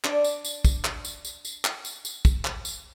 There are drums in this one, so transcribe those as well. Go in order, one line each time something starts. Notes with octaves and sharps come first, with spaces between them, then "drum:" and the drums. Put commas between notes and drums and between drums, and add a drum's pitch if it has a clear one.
D4 D5, drum: clap
drum: tambourine
drum: tambourine
drum: kick, tambourine
drum: clap
drum: tambourine
drum: tambourine
drum: tambourine
drum: clap
drum: tambourine
drum: tambourine
drum: kick, tambourine
drum: clap
drum: tambourine